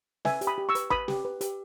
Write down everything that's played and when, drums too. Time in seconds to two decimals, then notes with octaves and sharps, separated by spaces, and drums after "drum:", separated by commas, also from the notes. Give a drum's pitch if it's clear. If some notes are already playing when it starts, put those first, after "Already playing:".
0.25 B4 E5 G#5, drum: snare
0.41 G4, drum: hi-hat
0.47 B5 D#6
0.58 G4
0.69 C#6 E6
0.75 B4, drum: hi-hat
0.90 B4 B5 D#6, drum: kick
1.08 G4, drum: snare
1.25 B4
1.41 G4, drum: hi-hat